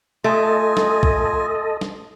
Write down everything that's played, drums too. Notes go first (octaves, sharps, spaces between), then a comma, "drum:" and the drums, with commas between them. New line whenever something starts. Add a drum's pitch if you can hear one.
A3 F4 A4 D#5 G#5
drum: snare
drum: kick
drum: snare